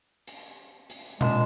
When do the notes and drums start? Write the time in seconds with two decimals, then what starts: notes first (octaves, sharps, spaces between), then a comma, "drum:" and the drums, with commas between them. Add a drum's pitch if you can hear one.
0.27 drum: hi-hat
0.90 drum: hi-hat
1.21 A#2 G#3 A5 E7, drum: tom B2